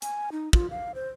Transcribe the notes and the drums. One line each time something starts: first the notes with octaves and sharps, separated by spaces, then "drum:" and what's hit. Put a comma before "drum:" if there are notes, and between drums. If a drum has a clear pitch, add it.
G#5, drum: hi-hat
D#4
F4, drum: kick
F5
C5